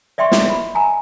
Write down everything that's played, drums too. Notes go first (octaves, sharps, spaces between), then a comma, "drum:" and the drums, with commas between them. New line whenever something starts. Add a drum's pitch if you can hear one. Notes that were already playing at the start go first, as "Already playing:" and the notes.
D5 E5 G5 C6 C#6
D#5, drum: snare
B5
G#5 A#5